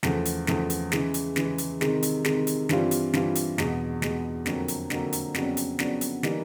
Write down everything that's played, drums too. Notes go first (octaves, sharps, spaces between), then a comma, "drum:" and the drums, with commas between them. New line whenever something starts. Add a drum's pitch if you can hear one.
E2 C#3 F3 A3, drum: snare
drum: hi-hat
E2 C#3 F3 A3, drum: snare
drum: hi-hat
C#3 E3 G#3, drum: snare
drum: hi-hat
C#3 E3 G#3, drum: snare
drum: hi-hat
C3 D#3 G#3, drum: snare
drum: hi-hat
C3 D#3 G#3, drum: snare
drum: hi-hat
G2 E3 G3 C4 F4, drum: snare
drum: hi-hat
G2 E3 G3 C4 F4, drum: snare
drum: hi-hat
E2 B2 G#3, drum: snare
E2 B2 G#3, drum: snare
F2 D3 F#3 A#3, drum: snare
drum: hi-hat
F2 D3 F#3 A#3, drum: snare
drum: hi-hat
F2 C#3 F#3 B3 D4, drum: snare
drum: hi-hat
F2 C#3 F#3 B3 D4, drum: snare
drum: hi-hat
E3 G3 A#3 D#4, drum: snare